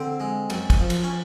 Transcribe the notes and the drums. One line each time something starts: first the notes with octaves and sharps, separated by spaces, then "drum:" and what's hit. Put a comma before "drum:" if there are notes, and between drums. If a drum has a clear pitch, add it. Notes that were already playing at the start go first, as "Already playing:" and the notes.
Already playing: D3 C4
G#3
F#2, drum: cymbal
drum: kick, cymbal
F3
drum: cymbal
C#4